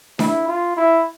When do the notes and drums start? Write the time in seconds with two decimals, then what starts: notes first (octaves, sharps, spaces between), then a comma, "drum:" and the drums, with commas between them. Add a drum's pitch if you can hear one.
0.19 E4, drum: snare D4
0.47 F4
0.76 E4